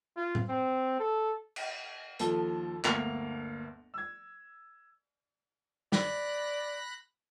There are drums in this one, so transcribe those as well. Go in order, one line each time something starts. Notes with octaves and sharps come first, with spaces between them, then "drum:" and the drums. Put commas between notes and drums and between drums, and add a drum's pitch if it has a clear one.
F4
drum: tom A2
C4
A4
drum: cymbal
D#2 F3 A4 A5 G7, drum: hi-hat
G1 D2 A#3 C#7 F7, drum: clap
E6 G#6
D5 B5 F#6 A#6, drum: snare